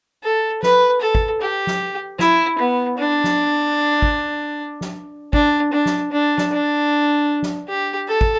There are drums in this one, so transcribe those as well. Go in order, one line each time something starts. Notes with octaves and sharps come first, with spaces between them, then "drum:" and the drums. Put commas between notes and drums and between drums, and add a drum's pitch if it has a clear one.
A4
B4, drum: snare
A4
drum: kick
G4
drum: snare
E4, drum: snare
B3
D4
drum: snare
drum: kick
drum: snare
D4, drum: kick
D4
drum: snare
D4
drum: snare
D4
drum: snare
G4
A4
drum: kick